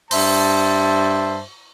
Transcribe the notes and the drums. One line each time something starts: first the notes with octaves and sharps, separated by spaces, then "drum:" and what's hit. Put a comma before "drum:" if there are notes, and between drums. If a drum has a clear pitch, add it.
G2 C5 E5 A5, drum: open hi-hat